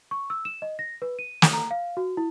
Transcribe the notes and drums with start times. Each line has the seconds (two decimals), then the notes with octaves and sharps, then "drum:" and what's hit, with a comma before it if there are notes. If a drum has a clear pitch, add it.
0.11 C#6
0.30 E6
0.45 E7
0.62 D#5
0.79 A#6
1.02 B4
1.19 D#7
1.42 drum: snare
1.53 A#5
1.71 F5
1.97 F#4
2.17 E4